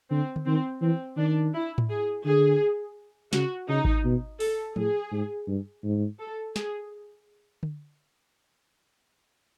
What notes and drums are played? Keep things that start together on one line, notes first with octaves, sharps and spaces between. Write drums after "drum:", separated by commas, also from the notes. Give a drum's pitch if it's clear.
D3 C4
drum: tom D3
D#3 C4
E3 C4
D#3 D4
E4
drum: tom A2
G#4
D3 G#4
C#3 F#4, drum: snare
C#3 D#4
drum: kick G#1
B2
A4, drum: open hi-hat
A2 G#4, drum: tom F3
G#2
G2
G#2
A4
G#4, drum: snare
drum: tom D3